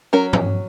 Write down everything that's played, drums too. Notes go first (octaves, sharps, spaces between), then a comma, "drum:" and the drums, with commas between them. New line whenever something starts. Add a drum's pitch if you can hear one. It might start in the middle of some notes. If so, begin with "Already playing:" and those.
F#3 C#4 A#4
drum: tom